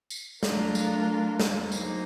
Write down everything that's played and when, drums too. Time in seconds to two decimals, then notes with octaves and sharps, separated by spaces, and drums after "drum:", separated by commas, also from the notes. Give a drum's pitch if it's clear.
0.10 drum: tambourine
0.43 F#3 A3 D4 F4 A#4, drum: snare
0.75 drum: tambourine
1.40 drum: snare
1.72 F#3 A#3 D#4 G#4 C5, drum: tambourine